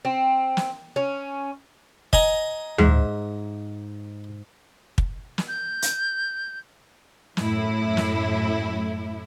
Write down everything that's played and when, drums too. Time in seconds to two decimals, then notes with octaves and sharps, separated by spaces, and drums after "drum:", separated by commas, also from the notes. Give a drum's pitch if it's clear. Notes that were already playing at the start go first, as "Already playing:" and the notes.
0.05 C4
0.57 drum: snare
0.96 C#4
2.13 D#5 G#5 A#5, drum: kick
2.78 G#2 E5, drum: tom D2
4.98 drum: kick
5.38 drum: snare
5.48 G6
5.82 drum: hi-hat
7.37 F#2 A2 E4, drum: snare
7.97 drum: snare